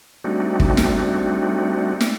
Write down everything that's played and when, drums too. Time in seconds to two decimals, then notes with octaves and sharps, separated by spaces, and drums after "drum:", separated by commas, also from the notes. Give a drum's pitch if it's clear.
0.24 G3 A3 C4 D4 D#4 F#4
0.60 drum: kick
0.77 drum: snare
2.01 drum: snare